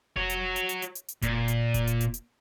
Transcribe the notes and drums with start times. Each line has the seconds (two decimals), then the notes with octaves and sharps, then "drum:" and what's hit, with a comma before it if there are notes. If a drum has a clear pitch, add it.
0.16 F#4 C#5, drum: kick F1
0.30 drum: hi-hat
0.56 drum: hi-hat
0.69 drum: hi-hat
0.82 drum: hi-hat
0.95 drum: hi-hat
1.08 drum: hi-hat
1.22 A#2, drum: kick F1, hi-hat
1.48 drum: hi-hat
1.74 drum: kick F1, hi-hat
1.87 drum: hi-hat
2.01 drum: hi-hat
2.14 drum: hi-hat